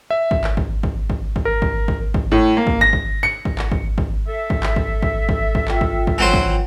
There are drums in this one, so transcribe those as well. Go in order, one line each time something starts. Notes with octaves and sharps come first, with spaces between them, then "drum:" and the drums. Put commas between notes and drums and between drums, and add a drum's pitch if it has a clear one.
E5
drum: kick
drum: clap
drum: kick
drum: kick
drum: kick
drum: kick
A#4
drum: kick
drum: kick
drum: kick
A2
A#3
drum: kick
A#6
drum: kick
C#7
drum: kick
drum: clap
drum: kick
drum: kick
A4 E5
drum: kick
drum: clap
drum: kick
drum: kick
drum: kick
drum: kick
F4 G5, drum: clap
drum: kick
drum: kick
E3 F#3 C5
drum: kick